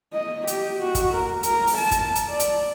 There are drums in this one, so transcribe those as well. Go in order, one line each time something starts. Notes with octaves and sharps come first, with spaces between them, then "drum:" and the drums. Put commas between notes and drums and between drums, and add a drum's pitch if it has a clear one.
D#5
G4, drum: hi-hat
F#4
drum: kick, hi-hat
A#4
A#4, drum: hi-hat
drum: open hi-hat
A5
drum: kick, hi-hat
drum: hi-hat
D5
drum: hi-hat